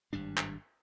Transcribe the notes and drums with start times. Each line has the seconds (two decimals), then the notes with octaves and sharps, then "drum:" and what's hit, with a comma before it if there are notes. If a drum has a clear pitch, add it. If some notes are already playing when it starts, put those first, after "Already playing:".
0.13 G#1 G2 G3 D4
0.37 drum: clap